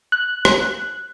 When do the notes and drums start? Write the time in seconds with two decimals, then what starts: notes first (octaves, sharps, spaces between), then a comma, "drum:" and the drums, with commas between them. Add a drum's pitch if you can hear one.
0.12 F#6
0.45 drum: rim click